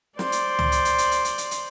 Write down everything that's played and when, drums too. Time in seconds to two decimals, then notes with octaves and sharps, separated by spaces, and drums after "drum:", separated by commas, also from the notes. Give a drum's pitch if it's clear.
0.19 C5 D5, drum: snare
0.32 drum: hi-hat
0.59 drum: tom
0.72 drum: hi-hat
0.85 drum: hi-hat
0.98 drum: hi-hat
1.11 drum: hi-hat
1.25 drum: hi-hat
1.38 drum: hi-hat
1.51 drum: hi-hat